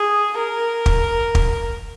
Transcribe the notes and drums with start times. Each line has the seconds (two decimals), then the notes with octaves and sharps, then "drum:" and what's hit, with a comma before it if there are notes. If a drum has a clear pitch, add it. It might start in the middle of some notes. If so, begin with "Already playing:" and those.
Already playing: G#4
0.37 A#4
0.86 drum: kick
1.35 drum: kick